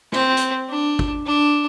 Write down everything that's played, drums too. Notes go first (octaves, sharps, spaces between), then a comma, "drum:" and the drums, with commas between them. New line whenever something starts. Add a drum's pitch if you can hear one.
C4, drum: snare
drum: hi-hat
D4
drum: kick
D4